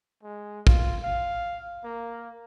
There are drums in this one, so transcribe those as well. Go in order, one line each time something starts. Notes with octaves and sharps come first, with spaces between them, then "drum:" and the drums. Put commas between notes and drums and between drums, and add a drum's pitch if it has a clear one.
G#3
F4, drum: kick
F5
A#3